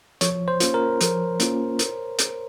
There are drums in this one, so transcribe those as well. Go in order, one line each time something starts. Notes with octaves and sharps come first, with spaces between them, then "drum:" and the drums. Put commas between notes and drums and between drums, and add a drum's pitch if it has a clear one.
F3 C#5, drum: hi-hat
C5
A#3 C#4 F4, drum: hi-hat
A#4
F3, drum: hi-hat
A#3 C#4 F4, drum: hi-hat
drum: hi-hat
drum: hi-hat